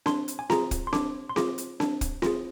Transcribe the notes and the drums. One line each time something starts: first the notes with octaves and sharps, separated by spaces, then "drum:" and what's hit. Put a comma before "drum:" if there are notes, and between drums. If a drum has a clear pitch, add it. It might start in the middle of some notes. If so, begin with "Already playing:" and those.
D4 C6, drum: snare C4
drum: hi-hat
G#5
F4 G#4 A#5, drum: snare C4
drum: kick, hi-hat
C6
D4 D6, drum: snare C4
C6
F4 G#4 D6, drum: snare C4
drum: hi-hat
D4, drum: snare C4
drum: kick, hi-hat
F4 G#4, drum: snare C4